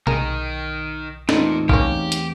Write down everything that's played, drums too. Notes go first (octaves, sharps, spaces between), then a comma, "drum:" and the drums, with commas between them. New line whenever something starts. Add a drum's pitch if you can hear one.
B1 D#3 G#4 A#4 G5, drum: tom C3
E2 A#2 A3 C4 D#4, drum: snare
G3 A#3 C#4 G4, drum: kick
drum: hi-hat